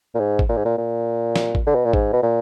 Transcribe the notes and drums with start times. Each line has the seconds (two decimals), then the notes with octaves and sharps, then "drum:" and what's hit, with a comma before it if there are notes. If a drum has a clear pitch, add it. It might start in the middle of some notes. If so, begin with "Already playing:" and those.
0.15 A#2
0.20 G#2
0.39 drum: kick G#1
0.49 A#2
0.57 G#2
0.65 A#2
0.78 A#2
1.36 drum: snare
1.55 drum: kick G#1
1.67 D3
1.75 B2
1.85 A#2
1.93 G#2, drum: kick G#1
2.13 B2
2.23 A#2